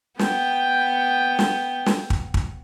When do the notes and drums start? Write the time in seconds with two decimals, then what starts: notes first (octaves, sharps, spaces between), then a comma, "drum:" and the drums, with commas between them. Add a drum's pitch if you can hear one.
0.19 B3 G5, drum: snare
1.39 drum: snare
1.86 drum: snare
2.10 drum: kick
2.34 drum: kick